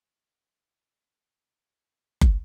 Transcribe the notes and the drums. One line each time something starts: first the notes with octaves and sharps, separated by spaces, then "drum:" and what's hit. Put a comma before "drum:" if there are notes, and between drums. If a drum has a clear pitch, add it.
D3
C3
drum: kick F#1